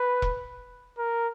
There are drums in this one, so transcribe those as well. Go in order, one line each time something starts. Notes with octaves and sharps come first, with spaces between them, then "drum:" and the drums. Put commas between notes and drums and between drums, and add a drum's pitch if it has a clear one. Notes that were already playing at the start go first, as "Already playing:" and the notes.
Already playing: B4
drum: kick E1
A#4